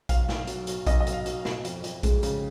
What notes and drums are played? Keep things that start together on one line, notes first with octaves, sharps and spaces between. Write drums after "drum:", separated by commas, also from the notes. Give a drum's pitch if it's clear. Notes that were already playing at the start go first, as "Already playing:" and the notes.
B1 F5, drum: kick A#1, hi-hat
B1, drum: snare
F#3, drum: hi-hat
B2, drum: hi-hat
B1 D#5, drum: kick A#1, hi-hat
D#5
B1, drum: hi-hat
F5
F#3, drum: hi-hat
B2, drum: snare
F2, drum: hi-hat
F2, drum: hi-hat
G#3, drum: kick A#1, hi-hat
C#3, drum: hi-hat